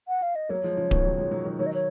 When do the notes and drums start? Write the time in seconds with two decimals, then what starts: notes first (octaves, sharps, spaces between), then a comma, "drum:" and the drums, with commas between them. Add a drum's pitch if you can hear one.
0.08 F#5
0.22 F5
0.35 D#5
0.49 F#3 A#3 C#5
0.63 F3 G#3
0.77 C#3 F3
0.91 B2 D#3, drum: kick D1
1.04 D#3 F#3
1.18 F3 G#3
1.31 D#3 F#3
1.45 D#3 F#3
1.59 D#3 F#3 C#5
1.66 D#5
1.74 C#5